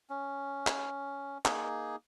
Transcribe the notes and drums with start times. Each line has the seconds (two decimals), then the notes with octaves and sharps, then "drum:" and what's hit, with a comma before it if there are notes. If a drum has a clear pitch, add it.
0.10 C#4
0.67 drum: clap
1.45 A#3 D#4 G#4, drum: clap